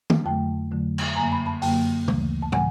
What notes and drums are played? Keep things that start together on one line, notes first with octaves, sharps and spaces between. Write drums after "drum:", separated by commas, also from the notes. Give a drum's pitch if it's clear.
drum: tom
F2 D3 F#3 A3 G5 A5
F2 D3 F#3 A3
drum: cymbal
F#2 D3 F#3 A#3 G#5 A#5
A5 B5
A5 B5
F#2 D3 F#3 A#3 G5 A5, drum: open hi-hat
D2 C#3 E3 A3, drum: tom
A5
C#3 E3 F#5 G#5, drum: tom